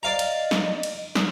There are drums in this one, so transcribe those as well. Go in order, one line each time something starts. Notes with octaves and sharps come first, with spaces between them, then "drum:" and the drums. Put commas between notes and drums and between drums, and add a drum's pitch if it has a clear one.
D5 D#5 F5 A#5
drum: cymbal
drum: snare
drum: cymbal
drum: snare